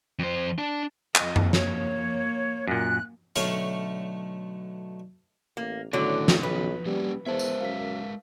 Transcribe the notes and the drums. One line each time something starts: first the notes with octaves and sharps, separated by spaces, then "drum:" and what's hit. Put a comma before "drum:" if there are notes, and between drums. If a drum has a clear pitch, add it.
F2 C5
D4 A5
F2 D#5, drum: clap
drum: tom F#2
A#3 C#5, drum: snare
F#2 A#2 F#6
B1 D3 A3 C#5 F5 C#6, drum: hi-hat
A1 A#3
A2 D3 D#3 F#3 B3 C#4 F#4
drum: snare
B1 B4
G3 A#3 C#4
E2 G#3 B3 A#4 C5 E5 A5
drum: tambourine
F#2 F5 B6